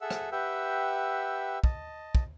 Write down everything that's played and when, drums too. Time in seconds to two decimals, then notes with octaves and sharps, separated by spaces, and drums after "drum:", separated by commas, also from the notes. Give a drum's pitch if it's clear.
0.01 G#4 A4 E5 F#5 E6
0.10 drum: rim click
0.32 G4 B4 E5 F#5 G5 E6
1.64 D#5 A5, drum: kick
2.15 drum: kick